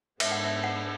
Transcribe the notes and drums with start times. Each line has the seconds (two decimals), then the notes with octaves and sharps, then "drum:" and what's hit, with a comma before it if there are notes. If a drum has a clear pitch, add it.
0.20 G#2 G#3 B3 D4 E5, drum: cymbal
0.32 F#5
0.44 E5
0.64 F#5